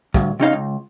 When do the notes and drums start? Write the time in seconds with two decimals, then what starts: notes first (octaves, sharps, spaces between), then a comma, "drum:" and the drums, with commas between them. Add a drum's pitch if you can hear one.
0.14 D2 G2, drum: kick
0.40 C3 C#4 D#4 F5
0.53 C#2